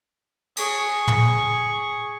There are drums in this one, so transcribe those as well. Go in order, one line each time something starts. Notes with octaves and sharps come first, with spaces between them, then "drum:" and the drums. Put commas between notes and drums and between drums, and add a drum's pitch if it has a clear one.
G#4 C#6, drum: cymbal
drum: tom